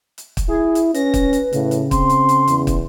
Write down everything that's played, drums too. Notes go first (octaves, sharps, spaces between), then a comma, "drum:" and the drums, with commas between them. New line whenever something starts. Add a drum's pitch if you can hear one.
drum: hi-hat
drum: kick, hi-hat
E4 G#4
drum: hi-hat
C#4 B4 A#6, drum: hi-hat
drum: kick, hi-hat
drum: hi-hat
A2 C#3, drum: hi-hat
drum: hi-hat
C4 C6, drum: kick, hi-hat
drum: hi-hat
drum: hi-hat
E2, drum: hi-hat
drum: kick, hi-hat